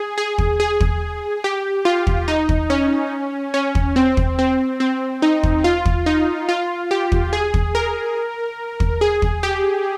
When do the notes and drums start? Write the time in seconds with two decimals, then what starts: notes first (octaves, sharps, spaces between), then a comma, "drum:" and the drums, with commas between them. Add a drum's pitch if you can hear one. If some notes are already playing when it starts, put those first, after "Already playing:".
Already playing: G#4
0.18 G#4
0.38 drum: kick
0.60 G#4
0.80 drum: kick
1.44 G4
1.85 F4
2.07 drum: kick
2.28 D#4
2.49 drum: kick
2.70 C#4
3.54 C#4
3.75 drum: kick
3.96 C4
4.17 drum: kick
4.39 C4
4.80 C4
5.22 D#4
5.43 drum: kick
5.64 F4
5.85 drum: kick
6.06 D#4
6.49 F4
6.91 G4
7.12 drum: kick
7.33 G#4
7.54 drum: kick
7.75 A#4
8.80 drum: kick
9.01 G#4
9.22 drum: kick
9.43 G4